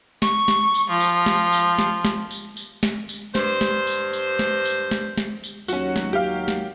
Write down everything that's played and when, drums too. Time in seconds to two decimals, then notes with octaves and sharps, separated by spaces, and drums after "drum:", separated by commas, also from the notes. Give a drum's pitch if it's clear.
0.22 C#6, drum: snare
0.48 drum: snare
0.74 drum: tambourine
0.90 F3
1.00 drum: tambourine
1.26 drum: snare
1.52 drum: tambourine
1.78 drum: snare
2.05 drum: snare
2.31 drum: tambourine
2.57 drum: tambourine
2.83 drum: snare
3.09 drum: tambourine
3.35 G2 C5, drum: snare
3.61 drum: snare
3.87 drum: tambourine
4.13 drum: tambourine
4.39 drum: snare
4.65 drum: tambourine
4.91 drum: snare
5.18 drum: snare
5.44 drum: tambourine
5.68 D#2 F#3 C#4 F#4, drum: tambourine
5.96 drum: snare
6.13 G4 F5
6.48 drum: snare